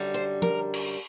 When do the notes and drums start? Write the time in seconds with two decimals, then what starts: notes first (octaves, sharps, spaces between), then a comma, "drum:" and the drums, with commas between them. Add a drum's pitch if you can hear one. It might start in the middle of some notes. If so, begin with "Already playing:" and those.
Already playing: F#2 D3 G3
0.14 C5
0.42 A#4, drum: tom F3
0.74 drum: cymbal